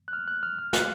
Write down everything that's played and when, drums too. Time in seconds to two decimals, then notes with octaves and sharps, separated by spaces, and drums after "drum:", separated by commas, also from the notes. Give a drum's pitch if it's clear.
0.08 F#6
0.13 F6
0.28 F#6
0.43 F6
0.58 F6
0.73 F#6, drum: snare